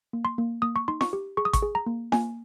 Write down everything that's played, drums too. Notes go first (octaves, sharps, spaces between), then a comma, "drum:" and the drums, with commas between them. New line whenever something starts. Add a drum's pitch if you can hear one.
A#3
C6
A#3
A#3 D#6
C#6
D#4 C6
C#6, drum: snare F4
G4
G#4 C#6
D#6
C#6, drum: kick, hi-hat
G#4
A#5
A#3
A#3 G#5, drum: snare F4